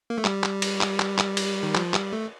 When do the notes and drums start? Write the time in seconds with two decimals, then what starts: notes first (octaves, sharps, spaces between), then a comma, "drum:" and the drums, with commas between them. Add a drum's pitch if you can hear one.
0.10 A#3
0.18 A3
0.24 G3, drum: clap
0.43 drum: clap
0.62 drum: cymbal
0.81 drum: clap
1.00 drum: clap
1.18 drum: clap
1.37 drum: cymbal
1.63 D#3
1.75 F3, drum: clap
1.94 G3, drum: clap
2.12 A3